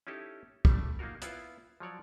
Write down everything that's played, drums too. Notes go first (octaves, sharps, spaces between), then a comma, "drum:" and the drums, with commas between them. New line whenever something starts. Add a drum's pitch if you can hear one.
C#4 D#4 E4 G4 A4
G3 A3, drum: kick
A#3 D#4 F4 F#4 A#4
B3 E4 F4, drum: hi-hat
F3 F#3 C#5 D5